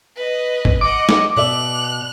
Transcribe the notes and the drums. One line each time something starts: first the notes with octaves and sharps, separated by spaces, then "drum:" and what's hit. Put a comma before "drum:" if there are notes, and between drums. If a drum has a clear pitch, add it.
B4 D#5
drum: kick
D#5 F#5 D6
drum: snare
B2 D5 E5 F#6 F7